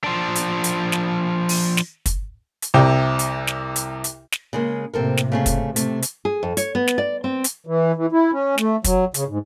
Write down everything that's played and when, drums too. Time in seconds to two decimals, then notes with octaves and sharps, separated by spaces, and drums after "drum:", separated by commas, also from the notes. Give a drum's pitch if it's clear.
0.04 F3 D4
0.35 drum: hi-hat
0.64 drum: hi-hat
0.92 drum: snare
1.49 drum: open hi-hat
1.77 drum: snare
2.06 drum: kick, hi-hat
2.62 drum: hi-hat
2.74 C2 C3 G5
3.19 drum: hi-hat
3.47 drum: snare
3.76 drum: hi-hat
4.04 drum: hi-hat
4.32 drum: snare
4.53 C#3 G#3 A#3
4.94 A2 C3 A#3 C4 A4 A#4
5.17 drum: snare
5.32 C#3 A3 G#4
5.46 drum: kick, hi-hat
5.76 C3 A3, drum: hi-hat
6.02 drum: hi-hat
6.25 G#4
6.43 F2
6.57 C#5, drum: hi-hat
6.75 B3
6.88 drum: snare
6.98 D5
7.24 C4
7.44 drum: hi-hat
7.67 E3
7.96 E3
8.12 E4
8.32 C#4
8.58 A3, drum: snare
8.84 F#3, drum: kick, hi-hat
9.14 C#3, drum: hi-hat
9.28 G#2